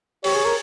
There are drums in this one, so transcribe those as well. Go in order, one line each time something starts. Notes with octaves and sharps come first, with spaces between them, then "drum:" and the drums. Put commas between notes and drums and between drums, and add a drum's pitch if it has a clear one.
G4 C#5, drum: open hi-hat
G#4
A#4